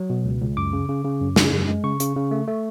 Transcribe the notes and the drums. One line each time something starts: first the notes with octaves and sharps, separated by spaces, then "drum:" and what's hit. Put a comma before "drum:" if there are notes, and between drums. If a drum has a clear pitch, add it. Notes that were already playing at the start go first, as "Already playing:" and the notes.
Already playing: F#3
B2
C#2
C#2
F#2 D6
C#3
C#3
C#3
F#2
C#3, drum: snare
F#2
G#3
C#3 C#6
C#3, drum: hi-hat
C#3
A3
A3